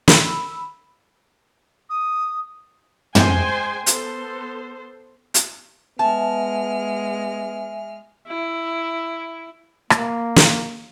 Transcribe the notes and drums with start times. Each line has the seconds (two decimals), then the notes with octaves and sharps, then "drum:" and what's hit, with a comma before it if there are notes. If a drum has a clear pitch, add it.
0.08 B5 E6, drum: snare
1.89 D#6
3.15 G#3 C5 G5 G#5 C6, drum: tom
3.86 B3 A4 C5, drum: hi-hat
5.34 drum: hi-hat
5.99 G#3 B3 E5 G#5 A5 F6
8.28 E4
9.90 A#3, drum: rim click
10.36 drum: snare